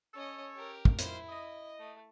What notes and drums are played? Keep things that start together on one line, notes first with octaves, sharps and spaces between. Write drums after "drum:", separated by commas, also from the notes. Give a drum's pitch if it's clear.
C#4 A4 C#5 D#5
G4 A#4
drum: kick
D#3 E4 F4 C5, drum: hi-hat
D#5
A3